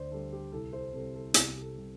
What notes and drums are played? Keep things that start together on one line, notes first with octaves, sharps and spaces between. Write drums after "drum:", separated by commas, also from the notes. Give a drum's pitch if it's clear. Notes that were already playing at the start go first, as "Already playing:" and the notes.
Already playing: D2 C5 D5
D3 G3 A4
G4
C2 A4
C5
C3 G3 A4
A4
C2 G4, drum: hi-hat
G4
A4
C3 G3